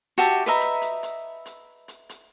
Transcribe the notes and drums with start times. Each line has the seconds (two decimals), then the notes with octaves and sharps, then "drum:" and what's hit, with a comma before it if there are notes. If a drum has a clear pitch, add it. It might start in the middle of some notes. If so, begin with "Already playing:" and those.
0.18 F#4 G4 E5 A5, drum: hi-hat
0.46 B4 D#5 E5 A#5
0.60 drum: hi-hat
0.82 drum: hi-hat
1.03 drum: hi-hat
1.45 drum: hi-hat
1.88 drum: hi-hat
2.09 drum: hi-hat